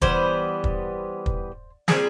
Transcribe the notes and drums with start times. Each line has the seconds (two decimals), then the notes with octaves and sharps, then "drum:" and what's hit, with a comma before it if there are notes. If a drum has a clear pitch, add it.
0.02 E3 G3 B3 C5, drum: kick
0.64 drum: kick
1.26 drum: kick
1.88 A#2 G3 C4 G#4, drum: snare